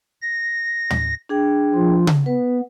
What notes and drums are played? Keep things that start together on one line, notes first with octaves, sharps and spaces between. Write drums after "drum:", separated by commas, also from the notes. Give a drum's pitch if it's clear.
A#6
drum: tom
D4 G#4 G5
F3 F4
drum: tom C#3
B3 B4